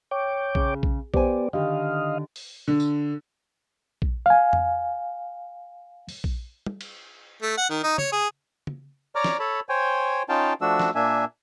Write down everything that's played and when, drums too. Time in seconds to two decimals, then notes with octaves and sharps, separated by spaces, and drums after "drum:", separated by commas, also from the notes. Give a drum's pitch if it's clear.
0.11 C#5 G5 D6
0.55 C#3, drum: kick A#1
0.83 drum: kick A#1
1.14 B3 G4 C5 D5 G#5, drum: kick A#1
1.53 D3 D#3 G4 D#5 F5
2.36 drum: open hi-hat
2.68 D3
2.80 drum: tambourine
4.02 drum: kick A#1
4.26 F5 G#5
4.53 drum: tom F2
6.09 drum: open hi-hat
6.24 drum: kick A#1
6.66 drum: tom
6.81 drum: cymbal
7.42 A3
7.58 F#5
7.70 D#3
7.83 D#4
7.98 C#5, drum: tom
8.12 G#4
8.67 drum: tom
9.15 C#5 D5 A#5 D6 F6
9.24 drum: snare
9.40 A4 C#5 A5 B5
9.69 C5 C#5 G5 G#5
10.29 C#4 D#4 F4 F5 G5 A5
10.61 F3 A3 D4 F#4 E6
10.80 drum: snare
10.95 A#2 A#3 D4 E5 G#5